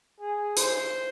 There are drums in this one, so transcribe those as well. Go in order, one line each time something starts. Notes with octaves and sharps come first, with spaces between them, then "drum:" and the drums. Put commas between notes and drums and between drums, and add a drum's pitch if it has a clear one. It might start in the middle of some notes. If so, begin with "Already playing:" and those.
G#4
C5, drum: hi-hat